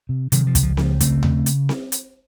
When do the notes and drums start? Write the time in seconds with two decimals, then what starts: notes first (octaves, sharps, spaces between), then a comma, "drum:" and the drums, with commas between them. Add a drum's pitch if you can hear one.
0.09 C3
0.32 C3 D#3 F#3, drum: hi-hat
0.47 F3
0.55 C#2, drum: kick, hi-hat
0.63 F3
0.77 C#2 F3, drum: snare C4
1.00 C#3 A3 C4, drum: kick, hi-hat
1.23 C#3, drum: tom D#2
1.46 drum: hi-hat
1.69 drum: snare C4
1.92 drum: hi-hat